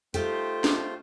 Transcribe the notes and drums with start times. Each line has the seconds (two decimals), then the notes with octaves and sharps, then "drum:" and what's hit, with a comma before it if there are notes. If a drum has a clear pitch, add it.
0.14 A3 D#4 F4 G4 A4 C5, drum: hi-hat
0.64 drum: snare